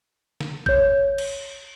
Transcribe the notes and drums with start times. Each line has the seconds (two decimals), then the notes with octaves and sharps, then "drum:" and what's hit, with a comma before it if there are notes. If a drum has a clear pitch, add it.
0.40 drum: snare
0.66 C#5 G6, drum: kick
1.18 drum: cymbal